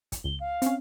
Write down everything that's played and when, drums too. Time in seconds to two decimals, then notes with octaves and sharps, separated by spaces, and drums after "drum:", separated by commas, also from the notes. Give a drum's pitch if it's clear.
0.12 drum: kick, hi-hat
0.24 C#2 G7
0.40 F5
0.62 C4 C#4, drum: hi-hat